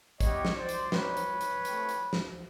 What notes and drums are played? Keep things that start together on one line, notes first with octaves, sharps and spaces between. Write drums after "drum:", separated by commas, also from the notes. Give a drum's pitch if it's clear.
G3 B3 E4 G4 C#5 D#5, drum: kick G#1, hi-hat
drum: snare
C5 D5
drum: hi-hat
G3 C4 D#4 G4 B4 C#5, drum: snare
drum: hi-hat
drum: hi-hat
A3 C4 E4 G4, drum: hi-hat
drum: hi-hat
drum: snare